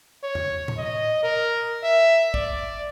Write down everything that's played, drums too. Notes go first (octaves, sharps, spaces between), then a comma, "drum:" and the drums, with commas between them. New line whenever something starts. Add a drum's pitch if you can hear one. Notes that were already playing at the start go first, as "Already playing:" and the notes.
C#5
drum: tom E2
drum: tom A2
D#5
A#4
E5
D5, drum: kick